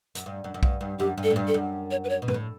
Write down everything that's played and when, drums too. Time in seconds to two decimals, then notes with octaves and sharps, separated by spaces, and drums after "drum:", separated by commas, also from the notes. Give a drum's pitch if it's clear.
0.15 F#2, drum: hi-hat
0.26 G2
0.44 F#2
0.54 F#2
0.63 G2, drum: kick B1
0.81 G2
0.99 F#2 G4
1.17 G2
1.24 A4
1.30 A2
1.36 G2
1.48 A4
1.54 F#2
1.91 C#5
2.04 B4
2.09 C#5
2.22 B2
2.28 B4, drum: tom
2.34 A2